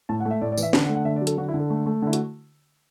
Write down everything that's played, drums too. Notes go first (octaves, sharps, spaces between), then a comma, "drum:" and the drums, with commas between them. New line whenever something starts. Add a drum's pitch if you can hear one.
A2 A5
F#5
A3
E5
A2 D5
D5
E3, drum: tambourine
E5
D3 A5, drum: snare
F#5
A3
F#5
D3 E5
D5
F#3
A4, drum: hi-hat
D3 F#4
E4
D3
A4
A3
A3
D3 E4
F#4, drum: hi-hat